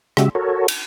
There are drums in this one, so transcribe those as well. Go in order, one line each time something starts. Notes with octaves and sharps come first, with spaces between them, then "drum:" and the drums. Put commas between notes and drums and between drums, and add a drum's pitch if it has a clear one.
C#3 G#3 F#4 G4 E5, drum: rim click
F#4 A4 A#4 C#5
drum: cymbal